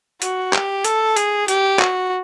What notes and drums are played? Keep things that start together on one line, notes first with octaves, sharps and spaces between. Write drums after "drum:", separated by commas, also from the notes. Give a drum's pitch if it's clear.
F#4, drum: hi-hat
G4, drum: clap
A4, drum: hi-hat
G#4, drum: hi-hat
G4, drum: hi-hat
F#4, drum: clap